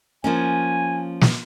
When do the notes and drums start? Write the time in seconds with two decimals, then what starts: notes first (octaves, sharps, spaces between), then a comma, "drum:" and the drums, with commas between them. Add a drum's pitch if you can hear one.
0.24 F3 A#3 C#4 G#5
1.21 drum: snare